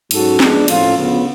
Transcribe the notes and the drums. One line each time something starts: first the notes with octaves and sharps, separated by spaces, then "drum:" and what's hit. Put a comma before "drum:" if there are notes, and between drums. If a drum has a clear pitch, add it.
G#2 F#3 C#4 F#4 A4, drum: cymbal
F3 G#3 B3 D4, drum: snare
A2 F3 A3 C#4 F4, drum: cymbal
D2 C#3 F3 B3